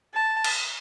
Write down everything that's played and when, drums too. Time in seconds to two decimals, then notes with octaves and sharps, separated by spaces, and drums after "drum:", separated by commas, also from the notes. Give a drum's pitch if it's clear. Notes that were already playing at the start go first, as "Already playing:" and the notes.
0.14 A5
0.44 drum: cymbal